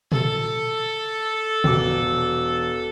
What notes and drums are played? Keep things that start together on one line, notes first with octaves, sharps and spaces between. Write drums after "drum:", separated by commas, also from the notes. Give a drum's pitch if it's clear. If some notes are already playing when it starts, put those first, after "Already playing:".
A4, drum: tom A#2
E1 D6, drum: tom A#2